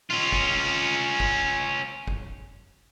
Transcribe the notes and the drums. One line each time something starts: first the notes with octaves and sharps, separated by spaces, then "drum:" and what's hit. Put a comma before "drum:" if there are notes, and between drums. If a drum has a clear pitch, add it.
C#4 F4
drum: kick
drum: kick
drum: kick